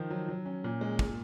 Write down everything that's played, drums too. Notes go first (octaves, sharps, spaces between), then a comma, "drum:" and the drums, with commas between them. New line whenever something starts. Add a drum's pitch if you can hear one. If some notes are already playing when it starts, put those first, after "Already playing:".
Already playing: D#3 F3
F#3
F#3
C#4
A#2
G#3
A#2, drum: kick